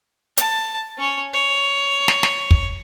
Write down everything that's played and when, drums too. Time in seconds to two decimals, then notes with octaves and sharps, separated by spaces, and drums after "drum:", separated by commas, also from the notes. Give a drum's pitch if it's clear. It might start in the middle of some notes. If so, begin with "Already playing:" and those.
0.37 A5, drum: hi-hat
0.98 C#4 C#5
1.33 C#5
2.08 drum: snare
2.23 drum: snare
2.51 drum: kick